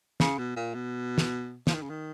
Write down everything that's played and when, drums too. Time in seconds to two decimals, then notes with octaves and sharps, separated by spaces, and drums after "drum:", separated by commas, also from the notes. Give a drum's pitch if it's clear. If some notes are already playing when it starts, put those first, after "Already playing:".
0.20 C#3, drum: snare
0.38 B2
0.56 A#2
0.74 B2
1.18 drum: snare
1.67 F3, drum: snare
1.74 D#3
1.82 C#3
1.90 D#3